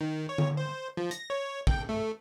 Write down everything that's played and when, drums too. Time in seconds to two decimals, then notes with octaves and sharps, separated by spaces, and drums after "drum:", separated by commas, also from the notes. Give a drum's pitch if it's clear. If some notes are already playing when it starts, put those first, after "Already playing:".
0.01 D#3
0.29 C#5
0.38 drum: tom D3
0.57 C5
0.97 F3
1.11 A#6, drum: hi-hat
1.30 C#5
1.67 G5, drum: kick
1.89 A3